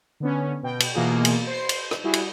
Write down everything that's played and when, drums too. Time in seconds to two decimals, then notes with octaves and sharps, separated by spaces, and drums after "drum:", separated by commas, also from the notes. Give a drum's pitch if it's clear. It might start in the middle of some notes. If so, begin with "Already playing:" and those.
0.20 D3 B3 C#4
0.63 B2 G5
0.80 drum: cymbal
0.95 B2 E3 A#3 F4 G#4
1.25 drum: cymbal
1.47 C5 C7
1.69 drum: cymbal
1.91 drum: rim click
2.04 G3 E4 F#4 G#4
2.14 drum: cymbal